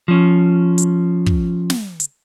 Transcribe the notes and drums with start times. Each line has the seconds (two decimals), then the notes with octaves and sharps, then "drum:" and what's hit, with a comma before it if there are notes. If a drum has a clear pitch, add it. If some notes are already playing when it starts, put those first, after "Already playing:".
0.08 F3 C#4
0.78 drum: hi-hat
1.26 drum: kick
1.70 drum: snare
2.00 drum: hi-hat